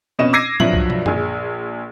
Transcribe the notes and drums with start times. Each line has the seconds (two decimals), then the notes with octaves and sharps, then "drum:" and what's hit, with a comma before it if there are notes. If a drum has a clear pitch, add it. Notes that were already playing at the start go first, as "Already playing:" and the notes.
0.19 F2 B2 C#4 D#5 E7
0.33 D6 E6 G#6 A#6 C7 D#7
0.60 G2 F3 F#3 F#4 E5 F#7, drum: tom A2
0.73 drum: kick C2
0.90 drum: tom
1.06 A#1 G#4, drum: tom F#2